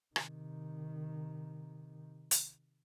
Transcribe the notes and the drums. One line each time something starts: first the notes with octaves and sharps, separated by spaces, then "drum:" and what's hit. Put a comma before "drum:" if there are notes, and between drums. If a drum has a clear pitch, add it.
C3 D#3, drum: rim click
drum: hi-hat